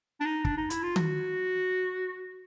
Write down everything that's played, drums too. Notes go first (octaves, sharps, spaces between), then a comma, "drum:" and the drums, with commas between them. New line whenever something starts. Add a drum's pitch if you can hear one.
D4
D#4
D4, drum: kick
D#4
E4, drum: hi-hat
F4
F#4, drum: tom D#3